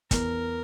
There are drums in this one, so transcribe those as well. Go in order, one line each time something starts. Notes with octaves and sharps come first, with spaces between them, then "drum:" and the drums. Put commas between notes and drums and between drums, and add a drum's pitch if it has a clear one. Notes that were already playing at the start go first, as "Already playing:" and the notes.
E2 A#4, drum: kick, hi-hat